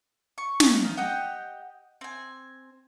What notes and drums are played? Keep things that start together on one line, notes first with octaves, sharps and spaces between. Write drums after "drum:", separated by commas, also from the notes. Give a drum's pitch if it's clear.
C#6
drum: snare
D#4 F4
G4 D#5 F#5 G5
C4 G#5